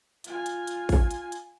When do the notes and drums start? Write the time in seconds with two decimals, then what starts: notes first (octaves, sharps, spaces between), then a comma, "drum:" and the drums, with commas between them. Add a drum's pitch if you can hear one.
0.24 F4 G#5, drum: hi-hat
0.46 drum: hi-hat
0.67 drum: hi-hat
0.89 drum: kick, open hi-hat
1.11 drum: hi-hat
1.32 drum: hi-hat